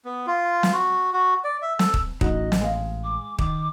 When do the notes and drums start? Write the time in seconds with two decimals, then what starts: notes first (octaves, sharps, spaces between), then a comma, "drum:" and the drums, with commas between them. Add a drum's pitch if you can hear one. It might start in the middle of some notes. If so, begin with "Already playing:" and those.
0.05 B3
0.27 F4
0.63 drum: snare
0.73 F#4
1.13 F#4
1.44 D5
1.62 E5
1.79 A4, drum: snare
1.94 drum: kick
2.21 A1 D#4 F#4 D#5, drum: kick
2.52 drum: snare
2.62 G#3 F5
3.04 D6
3.39 D#3 D6, drum: kick